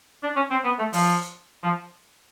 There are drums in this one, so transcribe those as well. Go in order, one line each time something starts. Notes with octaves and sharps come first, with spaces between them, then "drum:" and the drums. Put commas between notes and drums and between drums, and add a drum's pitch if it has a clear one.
D4
C#4
C4
B3
A3
F3, drum: open hi-hat
F3